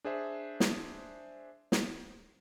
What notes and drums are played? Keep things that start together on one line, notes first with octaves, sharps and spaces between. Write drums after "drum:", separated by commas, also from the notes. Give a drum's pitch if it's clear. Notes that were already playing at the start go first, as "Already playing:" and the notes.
D4 G#4 C5 E5
drum: snare
drum: snare